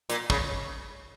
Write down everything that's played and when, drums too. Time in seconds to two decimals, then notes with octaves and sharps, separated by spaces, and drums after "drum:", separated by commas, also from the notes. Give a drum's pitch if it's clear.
0.10 A#2, drum: hi-hat
0.30 C#3, drum: kick